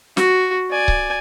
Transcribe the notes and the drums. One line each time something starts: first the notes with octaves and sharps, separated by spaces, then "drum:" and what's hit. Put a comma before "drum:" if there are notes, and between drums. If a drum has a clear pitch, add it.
F#4, drum: snare
D5 G#5
drum: kick C#1